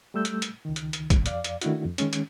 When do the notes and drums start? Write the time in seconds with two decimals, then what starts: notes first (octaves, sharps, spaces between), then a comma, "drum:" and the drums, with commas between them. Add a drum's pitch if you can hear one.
0.14 G3 A3 E6 G6
0.25 drum: hi-hat
0.42 drum: hi-hat
0.65 C#2 D#3
0.76 drum: hi-hat
0.93 drum: hi-hat
1.10 drum: kick, hi-hat
1.26 F2 D5 F5, drum: hi-hat
1.44 drum: hi-hat
1.62 D#3 A3 D4 E4 F#4, drum: hi-hat
1.85 F2
1.98 D#3 G#3 C#4, drum: hi-hat
2.13 drum: hi-hat